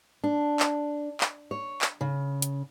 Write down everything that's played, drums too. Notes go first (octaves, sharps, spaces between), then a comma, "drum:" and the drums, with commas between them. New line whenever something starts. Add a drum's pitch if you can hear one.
D4
drum: clap
drum: clap
C#5
drum: clap
C#3
drum: hi-hat